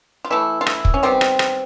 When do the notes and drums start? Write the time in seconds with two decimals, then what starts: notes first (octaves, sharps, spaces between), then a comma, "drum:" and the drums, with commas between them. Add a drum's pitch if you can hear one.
0.25 F4
0.31 E3 A3 E4
0.61 F4
0.67 E4, drum: rim click
0.85 drum: kick
0.94 C#4
1.03 D#3 G3 B3 C4
1.21 drum: rim click
1.39 drum: rim click